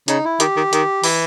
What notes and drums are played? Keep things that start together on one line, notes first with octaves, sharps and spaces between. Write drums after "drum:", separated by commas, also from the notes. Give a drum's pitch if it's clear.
C#3 D#4, drum: hi-hat
E4
D#3 G4, drum: hi-hat
D#3
D#3, drum: hi-hat
E3 E4, drum: open hi-hat